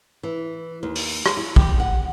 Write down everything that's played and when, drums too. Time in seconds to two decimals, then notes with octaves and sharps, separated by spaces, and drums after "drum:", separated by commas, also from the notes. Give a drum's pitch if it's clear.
0.23 E3
0.83 D#2
0.95 drum: open hi-hat
1.26 drum: rim click
1.37 E4
1.56 G4, drum: kick
1.80 F#5